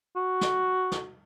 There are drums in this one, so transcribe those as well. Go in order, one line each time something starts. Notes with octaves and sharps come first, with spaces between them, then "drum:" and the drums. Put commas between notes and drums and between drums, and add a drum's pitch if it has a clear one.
F#4
drum: snare
drum: snare